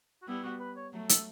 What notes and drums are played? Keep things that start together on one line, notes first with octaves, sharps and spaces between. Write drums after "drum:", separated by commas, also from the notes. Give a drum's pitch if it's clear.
F#4
G3 B3 E4
F#4
B4
C#5
F#3 A3
A4, drum: hi-hat